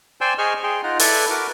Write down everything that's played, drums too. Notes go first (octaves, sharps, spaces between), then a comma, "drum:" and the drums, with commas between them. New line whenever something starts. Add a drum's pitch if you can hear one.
C5 D5 G5 G#5 C6 E6
G#4 C5 D#5 G#5 C#6 F6
G#4 G5 C6
D#4 F4 F#5 A#5
E4 A4 B4 D5, drum: open hi-hat
F#4 A#4 B4 D6